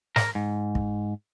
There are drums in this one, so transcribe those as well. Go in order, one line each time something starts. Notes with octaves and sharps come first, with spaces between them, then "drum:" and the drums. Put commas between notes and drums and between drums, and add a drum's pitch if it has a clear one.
A#4, drum: snare
G#2
drum: kick